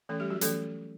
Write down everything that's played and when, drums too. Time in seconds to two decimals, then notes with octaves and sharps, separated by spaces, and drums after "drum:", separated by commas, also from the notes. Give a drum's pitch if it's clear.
0.09 E3 A3 C#4 A4
0.20 G3 G4
0.30 F#3 F#4
0.41 E3 A3 C#4 A4, drum: hi-hat